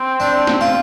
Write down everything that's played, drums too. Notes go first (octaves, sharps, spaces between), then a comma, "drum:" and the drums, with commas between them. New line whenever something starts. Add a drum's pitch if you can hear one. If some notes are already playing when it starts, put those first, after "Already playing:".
Already playing: C4
D4
drum: snare
F4